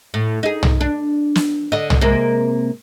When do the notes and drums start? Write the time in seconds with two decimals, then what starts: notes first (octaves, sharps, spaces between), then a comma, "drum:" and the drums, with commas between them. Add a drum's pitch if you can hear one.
0.14 A2
0.43 D#4 G#4
0.63 drum: tom
0.81 D4
1.35 drum: snare
1.72 D3 D#5
1.90 drum: tom
2.01 C3 G#3 A#3